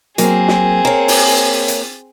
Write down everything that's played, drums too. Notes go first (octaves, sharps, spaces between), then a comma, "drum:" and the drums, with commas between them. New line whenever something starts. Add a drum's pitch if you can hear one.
F#3 A#3 C4 G#4 G#5, drum: hi-hat
drum: snare
A#3 C#5 A#5
drum: open hi-hat
drum: hi-hat